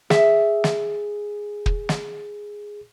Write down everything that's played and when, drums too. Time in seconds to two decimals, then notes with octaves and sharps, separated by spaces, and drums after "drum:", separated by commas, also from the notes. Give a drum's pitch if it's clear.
0.10 G#4 E5, drum: snare
0.64 drum: snare
1.66 drum: kick
1.89 drum: snare